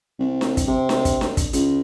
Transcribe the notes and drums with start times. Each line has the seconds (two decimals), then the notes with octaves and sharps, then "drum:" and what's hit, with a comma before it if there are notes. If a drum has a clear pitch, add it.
0.19 C2
0.41 drum: snare D4
0.57 drum: kick, hi-hat
0.68 C3
0.89 drum: snare D4
1.05 drum: kick, hi-hat
1.21 drum: snare D4
1.37 drum: kick, hi-hat
1.53 C#2, drum: hi-hat